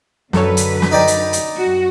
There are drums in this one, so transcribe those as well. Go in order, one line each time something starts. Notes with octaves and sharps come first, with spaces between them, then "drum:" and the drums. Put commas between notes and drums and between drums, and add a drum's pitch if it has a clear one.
F#2 D3 A4 B4 C#5, drum: snare
drum: hi-hat
drum: snare
D#4 D5 G5
drum: hi-hat
drum: hi-hat
F#2 F#4